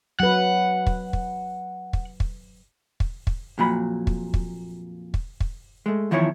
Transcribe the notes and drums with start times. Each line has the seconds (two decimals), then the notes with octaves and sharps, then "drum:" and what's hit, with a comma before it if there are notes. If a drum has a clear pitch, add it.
0.20 F#3 B4 F#5
0.86 drum: kick
1.13 drum: kick
1.93 drum: kick
2.20 drum: kick
3.00 drum: kick
3.27 drum: kick
3.58 F2 A#2 F#3 B5
4.07 drum: kick
4.34 drum: kick
5.14 drum: kick
5.40 drum: kick
5.86 G#3 A3
6.11 E2 D#3 F3 E4 B4 C#5